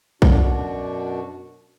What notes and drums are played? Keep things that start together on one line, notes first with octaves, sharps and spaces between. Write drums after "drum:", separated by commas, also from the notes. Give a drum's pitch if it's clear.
F#2 B2 D4 F#4, drum: kick A#1